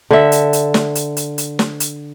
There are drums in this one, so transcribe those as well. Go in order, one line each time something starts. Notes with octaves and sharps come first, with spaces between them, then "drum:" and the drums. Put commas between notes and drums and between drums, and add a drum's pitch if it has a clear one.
D3 E5
drum: hi-hat
drum: hi-hat
drum: snare
drum: hi-hat
drum: hi-hat
drum: hi-hat
drum: snare
drum: hi-hat